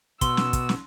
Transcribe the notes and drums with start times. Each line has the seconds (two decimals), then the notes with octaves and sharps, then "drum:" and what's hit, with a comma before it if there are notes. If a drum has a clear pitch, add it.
0.21 B2 C6 E6, drum: kick, hi-hat
0.37 drum: snare
0.53 drum: kick, hi-hat
0.69 drum: snare